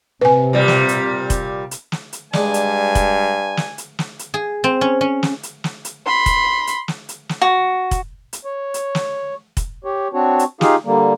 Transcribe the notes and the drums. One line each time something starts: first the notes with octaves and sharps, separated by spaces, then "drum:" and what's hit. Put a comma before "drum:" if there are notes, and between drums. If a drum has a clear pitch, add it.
C3 B4 G#5
A#2 G3
drum: snare
drum: hi-hat
drum: kick, hi-hat
drum: hi-hat
drum: snare
drum: hi-hat
G2 G#3 D4 G#5, drum: snare
drum: hi-hat
drum: kick, hi-hat
drum: snare
drum: hi-hat
drum: snare
drum: hi-hat
G#4
C4
C#4
C#4
drum: snare
drum: hi-hat
drum: snare
drum: hi-hat
B5 C6
drum: kick, hi-hat
drum: hi-hat
drum: snare
drum: hi-hat
drum: snare
F#4
drum: kick, hi-hat
drum: hi-hat
C#5
drum: hi-hat
drum: snare
drum: kick, hi-hat
G4 C#5
C4 D4 F#4 C#5
drum: hi-hat
D#4 F4 G4 G#4 F5, drum: snare
D3 G3 A#3